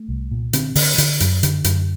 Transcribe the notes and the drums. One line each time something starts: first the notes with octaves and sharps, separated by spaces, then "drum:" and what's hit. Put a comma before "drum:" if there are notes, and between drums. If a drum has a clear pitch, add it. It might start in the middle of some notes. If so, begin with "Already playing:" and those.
Already playing: A3
C2
A#2
D3 C4, drum: hi-hat
D3, drum: open hi-hat
D3, drum: hi-hat
F#2, drum: hi-hat
D3, drum: hi-hat
F#2, drum: hi-hat